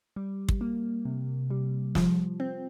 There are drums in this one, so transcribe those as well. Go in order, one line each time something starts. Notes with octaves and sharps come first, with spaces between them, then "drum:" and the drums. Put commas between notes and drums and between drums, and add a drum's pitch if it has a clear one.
G3
drum: kick
A#3
C3
G3
F3, drum: snare
C4